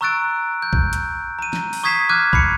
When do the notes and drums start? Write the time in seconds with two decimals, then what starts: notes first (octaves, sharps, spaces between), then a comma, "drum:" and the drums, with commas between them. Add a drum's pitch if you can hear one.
0.01 A#5 C#6 E6 F#6 A6 D7
0.62 G6
0.73 drum: kick
0.93 drum: hi-hat
1.39 A#5 D#7
1.53 drum: snare
1.73 drum: open hi-hat
1.84 C#6 D#6 G#6 B6 C7 E7
2.09 D6 F6 F#6 G#6 B6 D#7
2.33 B5 C7 C#7, drum: kick